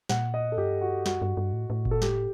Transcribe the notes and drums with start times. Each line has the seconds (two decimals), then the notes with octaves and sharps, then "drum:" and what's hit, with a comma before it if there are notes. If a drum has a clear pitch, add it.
0.09 A#2 F#5, drum: snare
0.34 D#5
0.52 A4
0.57 G2 G4
0.81 F#4
1.06 F#2 F#4, drum: snare
1.22 G2
1.37 G2
1.53 A2
1.70 A2
1.85 A#2, drum: kick F#1
1.91 A4
2.02 A2 G4, drum: snare